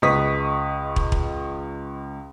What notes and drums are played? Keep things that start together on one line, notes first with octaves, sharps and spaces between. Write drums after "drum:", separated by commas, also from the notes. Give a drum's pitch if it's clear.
C#2 B4 D#5 C#6 D#6 B6
drum: kick
drum: kick